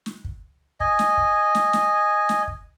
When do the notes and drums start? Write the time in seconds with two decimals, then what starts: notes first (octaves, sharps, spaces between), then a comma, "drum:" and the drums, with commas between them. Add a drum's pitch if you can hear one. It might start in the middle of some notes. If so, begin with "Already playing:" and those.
0.06 drum: snare
0.24 drum: kick
0.80 D#5 G#5, drum: kick
0.99 drum: snare
1.17 drum: kick
1.55 drum: snare
1.73 drum: snare
2.29 drum: snare
2.48 drum: kick